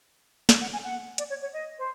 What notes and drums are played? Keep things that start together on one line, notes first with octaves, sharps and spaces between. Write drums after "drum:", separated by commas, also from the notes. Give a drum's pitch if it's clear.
D5, drum: snare
F#5
G#5
F#5
D5, drum: hi-hat
C#5
C#5
D#5
C5